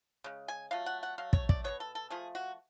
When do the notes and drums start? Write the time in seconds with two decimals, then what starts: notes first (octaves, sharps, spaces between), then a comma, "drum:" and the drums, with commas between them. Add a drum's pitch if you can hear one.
0.24 C#3 G#3
0.48 G#5
0.71 F#3 A3 F4 F5
0.86 F#5
1.03 F#5
1.18 F#3 A3 F5
1.33 C#5, drum: kick
1.49 D5, drum: kick
1.64 B2 G#3 B3 C#5
1.80 A4
1.95 A4
2.10 F3 A3 F4 G#4
2.35 F#4